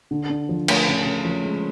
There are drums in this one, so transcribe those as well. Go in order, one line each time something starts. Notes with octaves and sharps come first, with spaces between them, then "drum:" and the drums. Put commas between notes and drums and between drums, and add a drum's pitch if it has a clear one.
D3
D4
F3
A3, drum: cymbal
C#3
C#3
F3
G#3